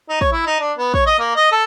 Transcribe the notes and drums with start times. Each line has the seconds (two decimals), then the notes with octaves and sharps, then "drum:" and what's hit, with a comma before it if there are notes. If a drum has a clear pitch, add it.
0.09 D#4
0.21 C#5, drum: kick
0.32 E4
0.46 D#4
0.60 D4
0.78 B3
0.94 C#5, drum: kick
1.06 D#5
1.19 A#3
1.36 D#5
1.52 A4